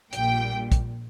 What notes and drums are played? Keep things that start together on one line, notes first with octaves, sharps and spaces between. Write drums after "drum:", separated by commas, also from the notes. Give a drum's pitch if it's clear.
A#1 A#2 G3 G5, drum: hi-hat
drum: kick, hi-hat